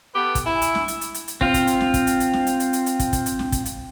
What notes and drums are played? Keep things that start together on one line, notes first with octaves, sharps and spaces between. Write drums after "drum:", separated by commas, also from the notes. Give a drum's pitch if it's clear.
B3 G4 A4 B4
drum: kick, hi-hat
E4 G#5
drum: hi-hat
drum: snare
drum: hi-hat
drum: hi-hat
drum: hi-hat
drum: hi-hat
C4 F4, drum: kick
drum: kick, hi-hat
drum: hi-hat
drum: snare
drum: kick, hi-hat
drum: hi-hat
drum: hi-hat
drum: snare
drum: hi-hat
drum: hi-hat
drum: hi-hat
drum: hi-hat
drum: kick, hi-hat
drum: kick, hi-hat
drum: hi-hat
drum: snare
drum: kick, hi-hat
drum: hi-hat